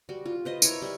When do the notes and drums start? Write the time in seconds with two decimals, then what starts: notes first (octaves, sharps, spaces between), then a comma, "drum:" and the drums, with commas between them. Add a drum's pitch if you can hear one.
0.09 G3 F#4
0.26 F4
0.45 B4 C5 D#5
0.62 E4 A#4 C#5, drum: tambourine
0.82 G3 C#6